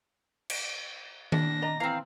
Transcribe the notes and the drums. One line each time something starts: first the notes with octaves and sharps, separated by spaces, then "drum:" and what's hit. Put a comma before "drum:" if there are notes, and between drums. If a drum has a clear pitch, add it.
drum: cymbal
D4 A#6, drum: tom D#3
D5 D#5 A#5
E3 C4 F5 A#5